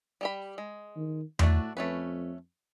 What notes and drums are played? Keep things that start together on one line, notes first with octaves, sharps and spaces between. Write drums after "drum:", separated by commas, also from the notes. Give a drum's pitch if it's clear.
G3 G4 B5
G#3
D#3
A2 A3 D4 F#4, drum: tom E2
F2 A3 C#4 B4